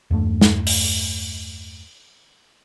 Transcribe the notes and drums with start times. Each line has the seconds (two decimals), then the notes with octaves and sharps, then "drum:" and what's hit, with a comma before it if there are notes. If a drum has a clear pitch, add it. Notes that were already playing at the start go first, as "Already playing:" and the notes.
0.11 E2 G2 A3
0.41 drum: snare
0.67 drum: open hi-hat